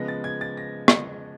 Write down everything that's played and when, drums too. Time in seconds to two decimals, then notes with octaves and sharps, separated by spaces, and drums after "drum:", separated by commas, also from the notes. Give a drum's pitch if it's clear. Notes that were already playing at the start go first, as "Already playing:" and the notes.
Already playing: C#3 F3 G#3 B3 A#6
0.08 A6
0.24 G#6
0.41 A6
0.57 A#6
0.88 drum: rim click